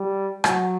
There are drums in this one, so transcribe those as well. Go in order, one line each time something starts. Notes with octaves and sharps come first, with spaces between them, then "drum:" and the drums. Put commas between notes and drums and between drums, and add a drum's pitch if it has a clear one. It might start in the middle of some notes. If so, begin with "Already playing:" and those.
Already playing: G3
F#3, drum: rim click